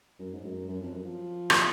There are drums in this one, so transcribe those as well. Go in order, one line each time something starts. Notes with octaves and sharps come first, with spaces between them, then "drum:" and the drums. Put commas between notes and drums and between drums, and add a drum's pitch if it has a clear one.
F#2
G#2
F#2
F#2
F2
F#2
F3
drum: rim click